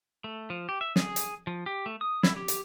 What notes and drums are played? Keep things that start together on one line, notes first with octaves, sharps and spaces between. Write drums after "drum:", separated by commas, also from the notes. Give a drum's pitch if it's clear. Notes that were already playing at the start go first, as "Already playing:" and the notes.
A3
F3
G4
E5
G#4, drum: snare
drum: hi-hat
F3
G4
A3
D#6
E4, drum: snare
G4
drum: hi-hat